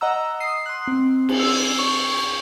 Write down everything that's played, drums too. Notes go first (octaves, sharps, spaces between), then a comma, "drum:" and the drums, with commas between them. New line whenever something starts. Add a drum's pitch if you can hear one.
D#5 F#5 A#5 E6
D#6 C7
C6 F#6
C4
drum: cymbal
E6
C#6